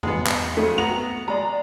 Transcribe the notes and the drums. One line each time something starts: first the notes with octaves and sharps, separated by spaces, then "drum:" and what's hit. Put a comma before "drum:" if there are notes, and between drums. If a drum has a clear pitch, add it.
G#3 B3, drum: tom E2
drum: clap
F2 F#3 A3
B3 F#4 A#5 F7
G#3 D5 A#5